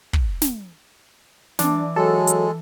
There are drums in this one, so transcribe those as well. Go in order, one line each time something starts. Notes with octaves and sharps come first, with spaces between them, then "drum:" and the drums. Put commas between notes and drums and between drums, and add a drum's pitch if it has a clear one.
drum: kick
drum: snare
E3 D4 D6, drum: snare
F#3 G#3 A4
drum: hi-hat